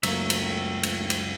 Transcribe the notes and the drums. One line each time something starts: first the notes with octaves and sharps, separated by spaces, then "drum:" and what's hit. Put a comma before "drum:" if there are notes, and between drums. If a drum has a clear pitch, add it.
C#2 F#2 F#3 A3 A#3 E5, drum: cymbal
drum: cymbal
drum: cymbal
drum: cymbal